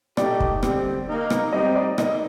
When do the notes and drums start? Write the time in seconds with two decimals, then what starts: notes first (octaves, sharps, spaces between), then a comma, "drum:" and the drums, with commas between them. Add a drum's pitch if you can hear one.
0.17 A#2 A3 D#4 G4 D5, drum: rim click
0.40 drum: kick
0.63 D3 G3 C4 G4, drum: rim click
1.08 A#3 D#4 A#4
1.30 drum: rim click
1.53 G3 C4 D#4 G4 D#5
1.76 D5
1.98 A#3 D#4 D#5, drum: rim click